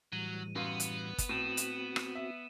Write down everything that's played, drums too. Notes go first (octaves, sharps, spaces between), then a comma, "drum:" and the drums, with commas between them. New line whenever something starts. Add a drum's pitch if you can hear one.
A2 E3 F#3 G3 D#7
F#2 B3 F5 C6
drum: hi-hat
drum: kick, hi-hat
A2 C4 F#4 D#7 E7
drum: hi-hat
drum: rim click
E5